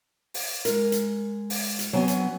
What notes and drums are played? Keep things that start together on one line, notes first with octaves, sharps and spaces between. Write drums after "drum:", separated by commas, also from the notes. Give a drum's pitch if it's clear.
drum: open hi-hat
G#3 A#4, drum: hi-hat
drum: hi-hat
drum: open hi-hat
drum: hi-hat
F#3 B3 C4 D4 C#5 G#5
drum: hi-hat